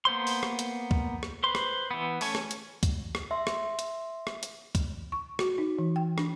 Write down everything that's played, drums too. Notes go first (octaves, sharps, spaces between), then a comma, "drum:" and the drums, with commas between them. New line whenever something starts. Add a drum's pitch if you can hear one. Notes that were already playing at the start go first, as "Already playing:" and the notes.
A#3 B3 C5 C6
drum: open hi-hat
drum: rim click
drum: hi-hat
drum: kick
drum: rim click
B4 C5 C6
drum: rim click
E3 B3
A3 C#4 A4 C#5 G#5, drum: open hi-hat
drum: rim click
drum: hi-hat
drum: kick, hi-hat
drum: rim click
E5 C6
drum: rim click
drum: hi-hat
drum: rim click
drum: hi-hat
drum: kick, hi-hat
C#6
F#4, drum: rim click
D#4
E3
G5
D4, drum: rim click